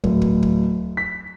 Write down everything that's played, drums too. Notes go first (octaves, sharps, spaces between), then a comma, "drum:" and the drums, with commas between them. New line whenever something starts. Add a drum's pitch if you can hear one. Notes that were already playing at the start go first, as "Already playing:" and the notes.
D1, drum: kick
drum: kick
drum: kick
B6